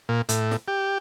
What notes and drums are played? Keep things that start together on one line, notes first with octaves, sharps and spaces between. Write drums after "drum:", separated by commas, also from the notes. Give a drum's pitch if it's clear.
A#2
A2, drum: hi-hat
drum: snare
G4